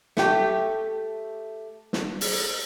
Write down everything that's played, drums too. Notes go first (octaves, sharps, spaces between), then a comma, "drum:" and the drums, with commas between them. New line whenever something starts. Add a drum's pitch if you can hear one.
A3 G4, drum: snare
drum: snare
drum: open hi-hat